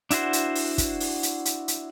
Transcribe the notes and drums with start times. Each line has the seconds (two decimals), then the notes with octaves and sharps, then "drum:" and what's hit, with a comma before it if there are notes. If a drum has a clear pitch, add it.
0.11 D4 E4 F#4 C5 F#5, drum: hi-hat
0.33 drum: hi-hat
0.55 drum: open hi-hat
0.78 drum: kick, hi-hat
1.00 drum: open hi-hat
1.23 drum: hi-hat
1.45 drum: hi-hat
1.68 drum: hi-hat